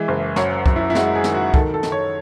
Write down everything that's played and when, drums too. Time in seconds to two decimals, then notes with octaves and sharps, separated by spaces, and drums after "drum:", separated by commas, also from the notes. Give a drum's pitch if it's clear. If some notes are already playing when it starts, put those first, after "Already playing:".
Already playing: E3 G#3 E5
0.08 F#1
0.36 F#2 C#5, drum: snare
0.66 F#2, drum: kick
0.76 E4
0.90 E4
0.95 G#3 F#4, drum: snare
1.15 G#4
1.24 D#3, drum: snare
1.34 F#4
1.54 D#3 A4, drum: kick
1.74 A4
1.83 D#3, drum: snare
1.92 C#5